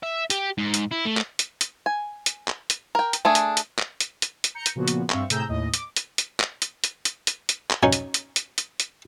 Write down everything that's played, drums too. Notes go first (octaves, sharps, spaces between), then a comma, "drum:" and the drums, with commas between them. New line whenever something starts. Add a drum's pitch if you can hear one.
E5
G4, drum: hi-hat
G#2
drum: hi-hat
E4
A3
drum: clap
drum: hi-hat
drum: hi-hat
G#5
drum: hi-hat
drum: clap
drum: hi-hat
A#4 G5
drum: hi-hat
A3 D4 G#4
drum: hi-hat
drum: hi-hat
drum: clap
drum: hi-hat
drum: hi-hat
drum: hi-hat
A#5 G6 C#7
drum: hi-hat
A#2 C#3 F3 B3 F#4
drum: hi-hat
G2 C4 E5 F5 C#6, drum: clap
A2 C3 G#4 A#5 E6 G6, drum: hi-hat
D#2 A2 D#5
D6, drum: hi-hat
drum: hi-hat
drum: hi-hat
drum: clap
drum: hi-hat
drum: hi-hat
drum: hi-hat
drum: hi-hat
drum: hi-hat
drum: clap
F#3 C#4 D#4 C#5
drum: hi-hat
drum: hi-hat
drum: hi-hat
drum: hi-hat
drum: hi-hat